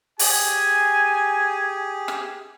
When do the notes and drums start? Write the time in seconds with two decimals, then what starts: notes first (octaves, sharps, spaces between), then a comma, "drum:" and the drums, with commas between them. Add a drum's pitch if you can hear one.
0.19 G4 G#4 G#5, drum: open hi-hat
2.08 drum: rim click